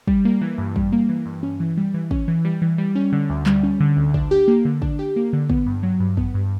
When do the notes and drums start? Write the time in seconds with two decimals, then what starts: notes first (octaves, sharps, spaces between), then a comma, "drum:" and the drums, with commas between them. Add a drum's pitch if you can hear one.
0.07 G3, drum: kick
0.25 A#3
0.41 E3
0.58 G2
0.76 G3, drum: kick
0.92 A#3
1.09 E3
1.26 G2
1.43 C#4
1.60 E3
1.77 G3
1.94 E3
2.11 C#4, drum: kick
2.28 E3
2.45 G3
2.62 E3
2.78 G3
2.95 C#4
3.12 D3
3.30 D2
3.46 G3, drum: clap
3.63 C#4
3.80 D3
3.97 D2
4.14 D4, drum: kick
4.31 G4
4.48 A#3
4.65 D3
4.82 D4, drum: kick
4.99 G4
5.16 A#3
5.33 D3
5.50 B3, drum: kick
5.66 G2
5.83 F#3
6.00 G2
6.17 B3, drum: kick
6.34 G2